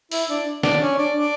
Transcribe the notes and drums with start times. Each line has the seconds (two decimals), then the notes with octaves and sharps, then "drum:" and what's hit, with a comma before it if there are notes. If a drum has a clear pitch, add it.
0.12 E4, drum: open hi-hat
0.29 D4
0.63 D4, drum: snare
0.81 C#4
0.98 D4
1.15 D4